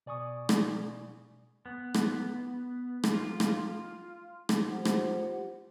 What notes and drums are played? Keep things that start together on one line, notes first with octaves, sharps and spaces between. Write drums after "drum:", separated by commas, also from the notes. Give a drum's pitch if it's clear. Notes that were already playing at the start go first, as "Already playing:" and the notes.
B2 D5 G#5 C#6 D#6
drum: rim click
B3
drum: rim click
drum: rim click
F4
drum: rim click
drum: rim click
F4 G4 C5 F#5
drum: rim click